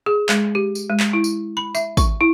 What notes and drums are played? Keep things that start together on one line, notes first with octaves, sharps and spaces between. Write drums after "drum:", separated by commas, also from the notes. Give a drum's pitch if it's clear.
G#4
G#3, drum: clap
G4
drum: tambourine
G#3
drum: clap
E4
drum: tambourine
B5
E5, drum: tambourine
C#6, drum: kick, tambourine
E4